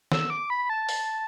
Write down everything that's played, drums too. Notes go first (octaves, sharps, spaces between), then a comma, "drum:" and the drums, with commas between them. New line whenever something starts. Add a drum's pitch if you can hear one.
E6, drum: snare
D6
B5
A5
drum: open hi-hat